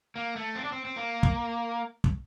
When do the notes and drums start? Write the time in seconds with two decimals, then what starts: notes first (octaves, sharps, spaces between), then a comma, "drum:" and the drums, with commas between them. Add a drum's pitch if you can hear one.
0.16 A#3
0.36 A3
0.55 C4
0.64 D4
0.72 C4
0.85 C4
0.96 A#3
1.23 drum: kick
2.04 drum: kick